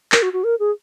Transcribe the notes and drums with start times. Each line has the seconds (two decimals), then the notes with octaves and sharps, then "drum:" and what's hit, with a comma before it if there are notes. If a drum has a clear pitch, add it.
0.12 A#4, drum: clap
0.22 F#4
0.33 F#4
0.44 A#4
0.60 G#4